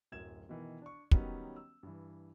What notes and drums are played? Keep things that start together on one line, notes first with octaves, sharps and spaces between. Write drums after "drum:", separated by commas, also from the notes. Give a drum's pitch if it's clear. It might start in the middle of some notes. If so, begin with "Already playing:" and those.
D1 F#2 G#6 E7
B2 D#3 E3
D4 C#6
D#3 F#3 G3 B3 C#4 D#4, drum: kick
E6
G2 E3